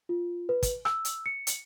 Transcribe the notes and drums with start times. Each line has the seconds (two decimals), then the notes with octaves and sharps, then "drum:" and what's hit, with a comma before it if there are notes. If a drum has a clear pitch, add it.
0.09 F4
0.49 B4
0.63 drum: kick, hi-hat
0.85 E6, drum: rim click
1.05 drum: hi-hat
1.26 C#7
1.47 drum: hi-hat